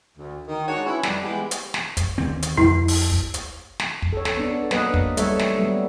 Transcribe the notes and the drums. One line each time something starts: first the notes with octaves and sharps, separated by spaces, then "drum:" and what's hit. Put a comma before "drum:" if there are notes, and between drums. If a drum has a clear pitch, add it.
D2
D#3
G#3 D4 F#4 C#5
B3 C#4 E4
F2 G3 D4, drum: snare
E3 G#3 B3 E4 G4
drum: hi-hat
drum: snare
drum: kick, hi-hat
D#2 D3 C4
drum: hi-hat
F2 E4
drum: open hi-hat
drum: kick
drum: hi-hat
drum: snare
drum: kick
A4 C#5
drum: snare
B3 D4
A4
F#3 A#3 D4 B4 D#5 F#5, drum: snare
drum: kick
G3 A3 A4 C#5 E5, drum: hi-hat
drum: snare
F#3 G3 A3 B3